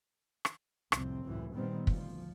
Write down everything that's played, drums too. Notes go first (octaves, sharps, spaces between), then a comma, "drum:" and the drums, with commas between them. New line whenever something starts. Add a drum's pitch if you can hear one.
drum: rim click
C2 F2 A2 C3 C4, drum: rim click
C#2 F#2 A2 E3
A#2 D#3 G3 B3 C4
D2 F3, drum: kick